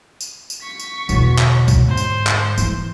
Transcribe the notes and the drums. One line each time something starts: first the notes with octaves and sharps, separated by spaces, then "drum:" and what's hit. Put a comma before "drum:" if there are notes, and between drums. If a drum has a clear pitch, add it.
drum: tambourine
drum: tambourine
C#6 B6
drum: tambourine
E2 B2 D3 F#3, drum: tambourine
drum: clap
drum: kick C2, tambourine
G#2 C5
drum: tambourine
drum: clap
E3, drum: tambourine